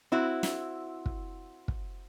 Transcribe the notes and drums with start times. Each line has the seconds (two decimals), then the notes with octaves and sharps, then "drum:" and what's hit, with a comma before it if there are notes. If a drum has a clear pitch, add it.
0.12 C4 E4 F#4
0.43 drum: snare
1.06 drum: kick
1.68 drum: kick